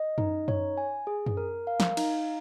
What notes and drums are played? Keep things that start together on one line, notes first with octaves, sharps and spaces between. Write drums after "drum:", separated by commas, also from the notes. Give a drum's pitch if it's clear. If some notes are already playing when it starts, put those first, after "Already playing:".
Already playing: D#5
D#4, drum: tom F#2
C#5, drum: tom F#2
G#5
G#4
drum: tom F#2
A#4
F5
drum: snare
D#4, drum: cymbal